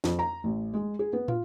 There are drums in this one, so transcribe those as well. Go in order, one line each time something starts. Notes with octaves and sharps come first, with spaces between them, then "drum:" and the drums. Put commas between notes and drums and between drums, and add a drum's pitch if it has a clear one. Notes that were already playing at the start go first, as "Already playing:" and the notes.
F2, drum: snare
A#5
A1
G#3
G#4
B3
F4, drum: tom